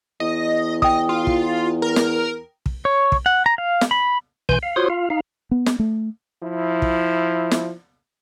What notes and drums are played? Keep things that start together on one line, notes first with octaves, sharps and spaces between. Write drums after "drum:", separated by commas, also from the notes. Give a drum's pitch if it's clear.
E2 D#5
D#5 G5 D#6, drum: kick
F4
drum: kick
A#4
drum: snare
drum: kick
C#5
drum: kick
F#5
A#5
F5
drum: snare
B5
B2 E3 G#5 C6 G6, drum: kick
F5
F4 F#4 C5 C#5 C6 D#6
F4 F5
D#4 F5
B3
drum: snare
A3
F3 E4
drum: kick
drum: snare